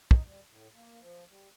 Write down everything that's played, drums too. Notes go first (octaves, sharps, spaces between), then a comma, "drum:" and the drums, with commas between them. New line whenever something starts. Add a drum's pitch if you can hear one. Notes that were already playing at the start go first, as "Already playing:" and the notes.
D#4, drum: kick
G3
A2
A#3
F3
G3